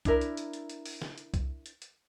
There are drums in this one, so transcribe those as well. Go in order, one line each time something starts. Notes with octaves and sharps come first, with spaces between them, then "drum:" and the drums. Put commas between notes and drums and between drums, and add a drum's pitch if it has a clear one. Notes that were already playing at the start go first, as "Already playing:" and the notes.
D4 E4 A#4 E5, drum: kick C2, hi-hat
drum: hi-hat
drum: hi-hat
drum: hi-hat
drum: hi-hat
drum: open hi-hat
drum: snare
drum: hi-hat
drum: kick C2, hi-hat
drum: hi-hat
drum: hi-hat